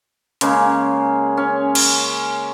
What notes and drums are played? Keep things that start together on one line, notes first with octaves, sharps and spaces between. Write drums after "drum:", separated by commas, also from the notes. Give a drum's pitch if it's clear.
C#3 G#3 A#3 C#4, drum: hi-hat
C#4
drum: cymbal